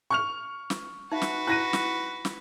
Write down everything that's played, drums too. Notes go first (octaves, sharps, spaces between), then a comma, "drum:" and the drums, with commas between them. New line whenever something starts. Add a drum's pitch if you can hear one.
C#6 F6 F7
drum: snare
D#4 F#4 B4 E5
drum: snare
E4 F#6 A#6 D#7
drum: snare
drum: snare